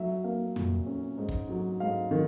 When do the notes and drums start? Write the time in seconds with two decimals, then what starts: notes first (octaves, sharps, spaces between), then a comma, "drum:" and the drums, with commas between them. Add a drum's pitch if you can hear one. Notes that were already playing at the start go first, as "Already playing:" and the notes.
Already playing: F#3 E5
0.24 A#3 F5
0.56 A#2, drum: tom
0.86 C#4
1.18 G#2
1.29 drum: kick
1.49 F#3
1.80 G#2 F5
2.11 D#3